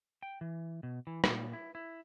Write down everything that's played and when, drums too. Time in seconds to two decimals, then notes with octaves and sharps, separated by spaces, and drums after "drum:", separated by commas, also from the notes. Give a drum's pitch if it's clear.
0.23 G5
0.41 E3
0.83 B2
1.07 E3
1.24 A#2, drum: rim click
1.53 E4
1.75 E4